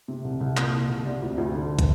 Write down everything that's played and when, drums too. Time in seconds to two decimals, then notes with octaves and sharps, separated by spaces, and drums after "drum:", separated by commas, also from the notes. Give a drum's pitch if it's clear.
0.08 C3
0.24 C2
0.41 C2
0.57 A#2, drum: clap
0.73 C2
0.89 C2
1.05 C3 D5
1.22 D2
1.38 D2
1.54 D3
1.79 drum: kick, hi-hat